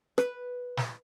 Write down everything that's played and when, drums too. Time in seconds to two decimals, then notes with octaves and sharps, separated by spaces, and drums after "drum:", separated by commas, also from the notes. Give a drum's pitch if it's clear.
0.18 B4, drum: rim click
0.77 drum: snare